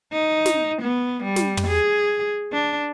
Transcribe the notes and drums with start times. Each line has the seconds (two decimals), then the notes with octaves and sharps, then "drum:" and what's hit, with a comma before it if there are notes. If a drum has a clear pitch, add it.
0.12 D#4
0.46 drum: snare
0.82 B3
1.24 G3
1.36 drum: snare
1.57 drum: tom
1.68 G#4
2.52 D4